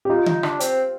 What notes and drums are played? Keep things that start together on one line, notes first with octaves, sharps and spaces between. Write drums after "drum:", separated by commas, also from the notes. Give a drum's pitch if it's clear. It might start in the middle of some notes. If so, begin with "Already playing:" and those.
G4
D#4 F4
D#4, drum: tom D3
D4, drum: rim click
C4, drum: hi-hat